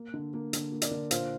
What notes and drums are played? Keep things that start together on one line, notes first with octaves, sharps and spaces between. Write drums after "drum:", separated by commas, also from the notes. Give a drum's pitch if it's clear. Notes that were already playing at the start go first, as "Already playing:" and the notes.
Already playing: A#3
D3
A#3
D3, drum: hi-hat
A#3
A#4 D5, drum: hi-hat
D3
A#2 C5 F5, drum: hi-hat